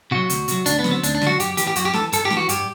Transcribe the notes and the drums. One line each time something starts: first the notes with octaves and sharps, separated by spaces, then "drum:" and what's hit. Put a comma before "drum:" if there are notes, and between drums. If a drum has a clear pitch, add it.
C3 F#3 F#4
D2, drum: hi-hat
C3 F#3, drum: hi-hat
D2 D4, drum: hi-hat
B3
D3 F#3, drum: snare
C4
D2 D4, drum: hi-hat
D4
D3 F#3 F#4, drum: snare
F#2 G4, drum: hi-hat
E3 G4, drum: hi-hat
G4
F#2 F#4, drum: hi-hat
G4
E3 A4, drum: snare
G2 A4, drum: hi-hat
G4
E3, drum: snare
F#4
G2 G4, drum: hi-hat